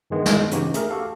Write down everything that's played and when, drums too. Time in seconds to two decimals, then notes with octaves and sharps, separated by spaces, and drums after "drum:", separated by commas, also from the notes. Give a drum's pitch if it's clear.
0.10 G2 D#3 G#3 B3
0.26 drum: snare
0.51 C#3 E3 C#4 D#4 F#4 G4, drum: hi-hat
0.74 A3 G#4 A#4, drum: hi-hat
0.90 F#4 G4 A4 F5